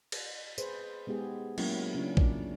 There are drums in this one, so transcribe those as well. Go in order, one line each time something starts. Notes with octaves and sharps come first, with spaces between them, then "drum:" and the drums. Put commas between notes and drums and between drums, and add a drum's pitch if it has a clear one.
drum: cymbal
G#4 B4 C5, drum: tambourine
G#3 B3 D#4 G4 G#4
F#3 G#3 A#3 B3 C#4 E4, drum: cymbal
C#3 C#4 D4 F4
D5, drum: kick